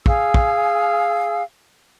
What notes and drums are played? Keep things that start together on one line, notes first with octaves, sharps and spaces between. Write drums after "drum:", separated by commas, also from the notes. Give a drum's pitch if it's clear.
G#4 F5 G#5 E6, drum: kick
drum: kick